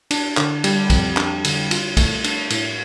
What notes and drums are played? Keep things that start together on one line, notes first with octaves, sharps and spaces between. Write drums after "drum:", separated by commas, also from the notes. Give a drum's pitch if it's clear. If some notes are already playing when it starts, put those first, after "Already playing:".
D4, drum: cymbal
D3, drum: clap
G3, drum: cymbal
F2, drum: kick B1, cymbal
D4, drum: clap
D3, drum: cymbal
F4, drum: cymbal
A3, drum: kick B1, cymbal
D4, drum: cymbal
A2, drum: cymbal